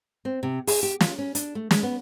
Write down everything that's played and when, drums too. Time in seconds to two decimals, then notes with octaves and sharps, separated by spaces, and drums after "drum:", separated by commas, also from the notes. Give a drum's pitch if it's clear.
0.25 C4
0.43 C3
0.67 G#4, drum: open hi-hat
0.83 G4
1.01 F4, drum: snare
1.18 C#4
1.35 D4, drum: hi-hat
1.55 A3
1.71 G#3, drum: snare
1.83 B3